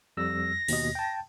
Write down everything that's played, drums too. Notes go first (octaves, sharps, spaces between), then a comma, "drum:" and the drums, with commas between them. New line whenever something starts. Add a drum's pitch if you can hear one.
F2 G3 E6 A#6
D#2 B2 D#5, drum: open hi-hat
G5 A5